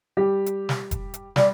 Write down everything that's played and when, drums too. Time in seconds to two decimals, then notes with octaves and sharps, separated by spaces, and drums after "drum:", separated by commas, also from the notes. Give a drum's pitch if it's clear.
0.17 G3 G4
0.46 drum: hi-hat
0.69 drum: snare
0.91 drum: kick F1, hi-hat
1.14 drum: hi-hat
1.36 G3 G4 D5, drum: snare